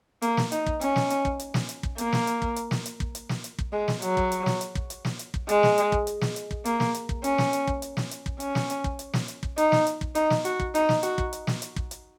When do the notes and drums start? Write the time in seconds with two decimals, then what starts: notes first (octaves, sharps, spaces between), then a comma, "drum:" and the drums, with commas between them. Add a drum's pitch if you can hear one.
0.22 A#3, drum: hi-hat
0.37 drum: snare
0.52 D#4, drum: hi-hat
0.66 drum: kick
0.81 C#4, drum: hi-hat
0.96 drum: snare
1.10 drum: hi-hat
1.25 drum: kick
1.39 drum: hi-hat
1.54 drum: snare
1.69 drum: hi-hat
1.83 drum: kick
1.98 A#3, drum: hi-hat
2.13 drum: snare
2.27 drum: hi-hat
2.42 drum: kick
2.56 drum: hi-hat
2.71 drum: snare
2.86 drum: hi-hat
3.00 drum: kick
3.15 drum: hi-hat
3.29 drum: snare
3.44 drum: hi-hat
3.59 drum: kick
3.73 G#3
3.88 drum: snare
4.02 F#3, drum: hi-hat
4.17 drum: kick
4.32 drum: hi-hat
4.46 drum: snare
4.61 drum: hi-hat
4.75 drum: kick
4.90 drum: hi-hat
5.05 drum: snare
5.19 drum: hi-hat
5.34 drum: kick
5.49 G#3, drum: hi-hat
5.63 drum: snare
5.78 drum: hi-hat
5.92 drum: kick
6.07 drum: hi-hat
6.21 drum: snare
6.36 drum: hi-hat
6.51 drum: kick
6.65 A#3, drum: hi-hat
6.80 drum: snare
6.94 drum: hi-hat
7.09 drum: kick
7.24 C#4, drum: hi-hat
7.38 drum: snare
7.53 drum: hi-hat
7.67 drum: kick
7.82 drum: hi-hat
7.97 drum: snare
8.11 drum: hi-hat
8.26 drum: kick
8.40 C#4, drum: hi-hat
8.55 drum: snare
8.70 drum: hi-hat
8.84 drum: kick
8.99 drum: hi-hat
9.13 drum: snare
9.28 drum: hi-hat
9.43 drum: kick
9.58 D#4, drum: hi-hat
9.72 drum: snare
9.87 drum: hi-hat
10.01 drum: kick
10.15 D#4, drum: hi-hat
10.30 drum: snare
10.45 F#4, drum: hi-hat
10.60 drum: kick
10.75 D#4, drum: hi-hat
10.89 drum: snare
11.03 F#4, drum: hi-hat
11.18 drum: kick
11.33 drum: hi-hat
11.47 drum: snare
11.62 drum: hi-hat
11.76 drum: kick
11.91 drum: hi-hat